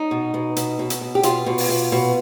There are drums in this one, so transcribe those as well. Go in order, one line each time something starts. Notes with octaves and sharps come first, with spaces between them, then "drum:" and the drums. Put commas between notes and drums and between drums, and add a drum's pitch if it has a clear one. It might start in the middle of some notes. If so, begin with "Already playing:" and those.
Already playing: D#4
B2
B2
B2, drum: hi-hat
B2
drum: hi-hat
B2
G4
B2 F4, drum: hi-hat
B2
drum: open hi-hat
B2
B2